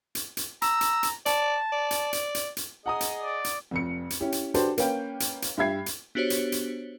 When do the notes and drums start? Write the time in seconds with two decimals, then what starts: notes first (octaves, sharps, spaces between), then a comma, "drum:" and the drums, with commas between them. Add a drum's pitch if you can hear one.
0.15 drum: hi-hat
0.37 drum: hi-hat
0.62 A#5 E6, drum: hi-hat
0.81 drum: hi-hat
1.03 drum: hi-hat
1.26 D5 A5, drum: hi-hat
1.72 D5
1.91 drum: hi-hat
2.13 drum: hi-hat
2.35 drum: hi-hat
2.57 drum: hi-hat
2.86 G#4 D#5 F#5 A#5 D#6
3.01 drum: hi-hat
3.22 D5
3.44 drum: hi-hat
3.71 F1 F2 C#7
4.10 drum: hi-hat
4.20 C#4 E4 G4
4.32 drum: hi-hat
4.54 D4 F#4 G4 A4 B4 C5, drum: hi-hat
4.78 A#3 C#4 B4 G5, drum: hi-hat
5.20 drum: hi-hat
5.42 drum: hi-hat
5.57 G2 G4 E5 G#6 C7
5.86 drum: hi-hat
6.15 B3 D4 F#4 G4 C5 C#5
6.30 drum: hi-hat
6.52 drum: hi-hat